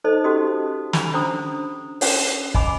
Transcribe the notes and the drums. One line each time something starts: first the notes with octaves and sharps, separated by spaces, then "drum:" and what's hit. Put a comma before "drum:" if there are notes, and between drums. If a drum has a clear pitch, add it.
D#4 A4 C5 D#5
C#4 D#4 F#4 G4 D#5 D#6
B5, drum: snare
C#4 D4 C5 A#5 D#6
C#4 C#5, drum: open hi-hat
D#5 G#5 B5 D6, drum: kick